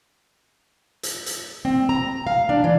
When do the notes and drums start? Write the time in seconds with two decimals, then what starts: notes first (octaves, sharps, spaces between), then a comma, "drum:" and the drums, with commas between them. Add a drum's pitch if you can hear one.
1.03 drum: hi-hat
1.26 drum: hi-hat
1.65 C4
1.89 A#5
2.27 F5
2.49 D4
2.64 E3